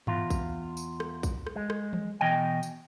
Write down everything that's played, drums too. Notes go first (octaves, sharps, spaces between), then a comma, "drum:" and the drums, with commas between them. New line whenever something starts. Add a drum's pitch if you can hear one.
E2 F4, drum: tom G2
drum: kick, tambourine
drum: tambourine
drum: rim click
drum: kick, tambourine
drum: rim click
G#3
drum: rim click
drum: tom E3
B2 E3 D#5 G5
drum: tambourine